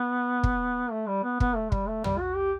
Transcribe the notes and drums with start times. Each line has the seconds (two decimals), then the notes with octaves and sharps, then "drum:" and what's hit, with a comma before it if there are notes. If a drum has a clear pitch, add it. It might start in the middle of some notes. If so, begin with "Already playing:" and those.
Already playing: B3
0.44 drum: kick
0.91 A3
1.07 G3
1.23 B3
1.40 B3, drum: kick
1.56 A3
1.72 G3, drum: kick
1.88 A3
2.04 G3, drum: tom
2.20 F#4
2.36 G4